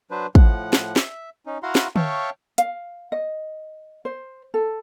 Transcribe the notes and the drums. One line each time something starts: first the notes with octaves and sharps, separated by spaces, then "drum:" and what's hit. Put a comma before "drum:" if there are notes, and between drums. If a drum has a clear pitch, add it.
F#3 D4 B4 C5
A2 F3 F#5, drum: kick
drum: snare
E5, drum: snare
C#4 D#4
E4 F#4 F5 F#5 A#5 C6
drum: snare
C#5 E5 F5 G5 A5 C#6, drum: tom D3
F5, drum: hi-hat
D#5
C5
A4